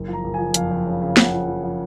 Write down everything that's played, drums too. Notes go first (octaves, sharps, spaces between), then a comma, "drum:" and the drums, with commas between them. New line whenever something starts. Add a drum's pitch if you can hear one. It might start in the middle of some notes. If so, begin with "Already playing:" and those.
Already playing: F#1
F3
A#5
F#1
G#5
F3
F2 F5, drum: hi-hat
F2
C#3
C#3
C#3 F#5, drum: snare
F3
F3
F3